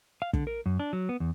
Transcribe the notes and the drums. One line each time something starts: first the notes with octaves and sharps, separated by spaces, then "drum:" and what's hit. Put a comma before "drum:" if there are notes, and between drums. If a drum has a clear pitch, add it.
F5
D3, drum: kick
A#4
F#2
D4
F#3
B3
E2